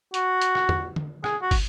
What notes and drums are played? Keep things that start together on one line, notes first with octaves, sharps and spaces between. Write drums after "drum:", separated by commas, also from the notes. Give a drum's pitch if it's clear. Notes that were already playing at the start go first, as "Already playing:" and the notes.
F#4, drum: hi-hat
drum: hi-hat
drum: rim click
drum: tom E2
drum: tom
G#4, drum: rim click
F#4
drum: kick, open hi-hat